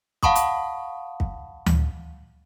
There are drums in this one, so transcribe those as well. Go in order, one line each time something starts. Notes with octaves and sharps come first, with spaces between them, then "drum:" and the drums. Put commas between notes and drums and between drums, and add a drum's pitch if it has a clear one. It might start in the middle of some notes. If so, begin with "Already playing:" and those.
F5 F#5 A5 B5 C#6 D#6, drum: kick
drum: hi-hat
drum: kick
drum: tom D2